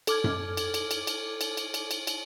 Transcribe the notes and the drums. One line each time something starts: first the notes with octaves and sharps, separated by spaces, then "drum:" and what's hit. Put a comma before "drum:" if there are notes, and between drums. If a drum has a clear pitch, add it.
A4 D6 F6 G#6, drum: cymbal
drum: tom F#2
drum: cymbal
drum: cymbal
drum: cymbal
drum: cymbal
drum: cymbal
drum: cymbal
drum: cymbal
drum: cymbal
drum: cymbal